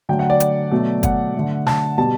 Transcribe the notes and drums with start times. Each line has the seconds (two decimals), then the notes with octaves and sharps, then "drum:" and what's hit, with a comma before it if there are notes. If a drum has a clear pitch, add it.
0.09 D3 F#3 A3 G5
0.19 F#5
0.30 D5
0.40 drum: hi-hat
0.71 B2 F#3 A3
1.03 F#5, drum: kick, hi-hat
1.35 D3 A3
1.67 A5, drum: snare
1.98 B2 G3 A5